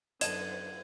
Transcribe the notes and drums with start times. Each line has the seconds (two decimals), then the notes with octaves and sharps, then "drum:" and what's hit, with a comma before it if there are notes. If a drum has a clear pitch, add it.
0.21 F#2 D3 B3 D#5 A5 G#6 D#7 E7, drum: hi-hat